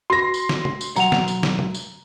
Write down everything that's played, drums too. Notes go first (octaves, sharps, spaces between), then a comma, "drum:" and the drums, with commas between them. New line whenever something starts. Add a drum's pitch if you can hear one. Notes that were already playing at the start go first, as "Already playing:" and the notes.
F#4 C6 A#6
drum: tambourine
drum: snare
drum: tom
drum: tambourine
B1 F#3 F#5 A#5 F7, drum: tambourine
drum: snare
drum: tambourine
drum: snare
drum: tom
drum: tambourine